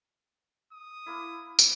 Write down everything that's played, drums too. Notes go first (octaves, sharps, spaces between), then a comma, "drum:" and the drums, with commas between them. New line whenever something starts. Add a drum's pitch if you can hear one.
D#6
A#3 E4
drum: tambourine